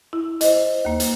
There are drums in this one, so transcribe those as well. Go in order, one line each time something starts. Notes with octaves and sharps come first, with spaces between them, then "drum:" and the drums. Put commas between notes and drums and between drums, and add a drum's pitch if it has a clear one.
E4
C5 D#5, drum: hi-hat
D#2 A#3
drum: hi-hat